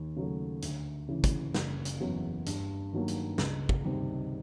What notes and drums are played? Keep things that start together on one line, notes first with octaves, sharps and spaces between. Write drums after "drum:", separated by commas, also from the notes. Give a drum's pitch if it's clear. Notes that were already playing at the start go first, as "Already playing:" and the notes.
Already playing: D#2
C#3 F#3 A3
D2, drum: hi-hat
C#3 E3
drum: kick, hi-hat
F#1, drum: snare
drum: hi-hat
E2 C#3 F#3
G2, drum: hi-hat
D#3 F#3 A#3
drum: hi-hat
C#2, drum: snare
drum: kick
C3 D#3 G3 C4